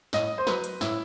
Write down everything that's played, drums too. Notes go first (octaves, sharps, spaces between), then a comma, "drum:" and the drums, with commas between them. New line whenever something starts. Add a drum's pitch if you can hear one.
A2 D#5, drum: snare
C5
F#3 B4, drum: snare
drum: hi-hat
A2 E4, drum: snare